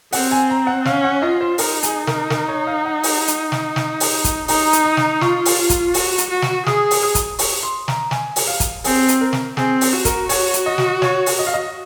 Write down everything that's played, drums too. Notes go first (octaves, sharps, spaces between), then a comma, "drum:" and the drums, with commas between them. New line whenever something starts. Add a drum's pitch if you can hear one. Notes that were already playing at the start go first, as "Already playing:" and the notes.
C4 F#5, drum: open hi-hat
G#5
A#5
F#5
C#4 F5, drum: snare
F#5
F4 D#5
C5
D#4 A#4, drum: open hi-hat
G#4, drum: hi-hat
A#4, drum: snare
A#4, drum: snare
C#5
F5
F#5
drum: open hi-hat
drum: hi-hat
drum: snare
drum: snare
drum: open hi-hat
drum: kick, hi-hat
D#4 A#5, drum: open hi-hat
drum: hi-hat
A#5
drum: snare
F4 C#6, drum: snare
drum: open hi-hat
drum: kick, hi-hat
F#4, drum: open hi-hat
drum: hi-hat
F#4
drum: snare
G#4 D#6, drum: snare
drum: open hi-hat
D#6
drum: kick, hi-hat
C#6, drum: open hi-hat
C6
A#5, drum: snare
G#5, drum: snare
drum: open hi-hat
F5
drum: kick, hi-hat
C4 G#4, drum: open hi-hat
drum: hi-hat
A#4
drum: snare
C4 G#4, drum: snare
drum: open hi-hat
F#4
A#4, drum: kick, hi-hat
C#5, drum: open hi-hat
drum: hi-hat
D#5
drum: snare
C#5, drum: snare
drum: open hi-hat
D#5
F5
D#5